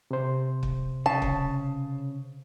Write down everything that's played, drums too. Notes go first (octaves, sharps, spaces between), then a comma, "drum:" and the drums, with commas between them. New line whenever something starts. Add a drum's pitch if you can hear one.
C3 C5
drum: kick
C#3 A5
drum: kick